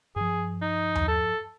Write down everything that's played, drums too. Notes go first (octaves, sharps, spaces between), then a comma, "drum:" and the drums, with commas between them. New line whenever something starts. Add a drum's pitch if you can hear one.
G2 F3 G#4
D#4
drum: tom D#2
A4